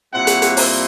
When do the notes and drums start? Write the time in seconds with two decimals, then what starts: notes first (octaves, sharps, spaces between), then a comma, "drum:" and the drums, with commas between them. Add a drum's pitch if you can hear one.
0.12 A#2 G3 C4 E4 F#5
0.27 drum: hi-hat
0.42 drum: hi-hat
0.57 drum: open hi-hat